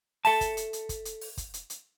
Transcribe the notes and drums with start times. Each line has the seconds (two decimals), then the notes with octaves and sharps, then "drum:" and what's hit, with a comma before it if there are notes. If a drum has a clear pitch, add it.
0.25 A4 E5 A5, drum: open hi-hat
0.41 drum: kick, hi-hat
0.57 drum: hi-hat
0.73 drum: hi-hat
0.89 drum: kick, hi-hat
1.05 drum: hi-hat
1.21 drum: open hi-hat
1.38 drum: kick, hi-hat
1.54 drum: hi-hat
1.70 drum: hi-hat